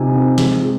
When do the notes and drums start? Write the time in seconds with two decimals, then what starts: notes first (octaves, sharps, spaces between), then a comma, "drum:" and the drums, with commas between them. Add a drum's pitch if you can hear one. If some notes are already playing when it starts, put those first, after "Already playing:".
Already playing: C3 D#4 G#5
0.14 C4
0.38 G#3, drum: snare
0.63 G#3